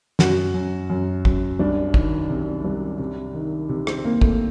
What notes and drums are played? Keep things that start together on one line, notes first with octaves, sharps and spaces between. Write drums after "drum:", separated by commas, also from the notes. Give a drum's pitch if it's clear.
F#2 F#4, drum: snare
F#2
F#2
F#2, drum: kick
C2 D4
D#3, drum: kick
C3
C2
C3
D#3
C3
C4, drum: rim click
C3 A#3
A3, drum: kick